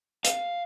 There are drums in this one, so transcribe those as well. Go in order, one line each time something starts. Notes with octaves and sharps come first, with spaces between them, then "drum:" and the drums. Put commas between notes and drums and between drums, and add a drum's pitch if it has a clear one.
F5, drum: hi-hat